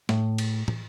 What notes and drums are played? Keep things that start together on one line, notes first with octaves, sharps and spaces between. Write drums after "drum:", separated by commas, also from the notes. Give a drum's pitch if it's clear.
A2, drum: snare
drum: cymbal
drum: tom